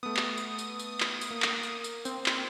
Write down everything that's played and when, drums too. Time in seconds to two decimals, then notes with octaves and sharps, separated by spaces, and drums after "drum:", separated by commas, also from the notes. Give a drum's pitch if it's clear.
0.03 A3 B3 D#6
0.17 drum: clap
0.38 drum: tambourine
0.59 drum: tambourine
0.79 drum: tambourine
1.00 drum: clap
1.21 drum: tambourine
1.31 A#3
1.42 drum: clap
1.63 drum: tambourine
1.84 drum: tambourine
2.05 C4, drum: tambourine
2.26 drum: clap